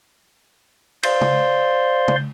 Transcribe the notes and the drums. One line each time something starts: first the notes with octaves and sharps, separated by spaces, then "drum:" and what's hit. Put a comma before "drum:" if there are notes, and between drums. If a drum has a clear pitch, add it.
C5 D5 F5 C6, drum: cymbal
drum: tom
drum: tom